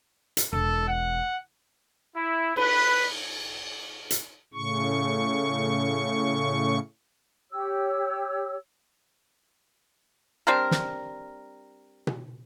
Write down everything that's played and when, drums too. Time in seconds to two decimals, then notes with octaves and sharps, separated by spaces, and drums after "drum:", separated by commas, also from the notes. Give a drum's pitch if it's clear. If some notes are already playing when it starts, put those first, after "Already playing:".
0.37 drum: hi-hat
0.53 E1 A4
0.88 F#5
2.16 E4
2.56 B4, drum: cymbal
4.11 drum: hi-hat
4.54 A2 C#3 C#6
7.50 G4 C#5 E6
10.47 G3 C4 D4 A#4
10.71 drum: snare
12.07 drum: tom B2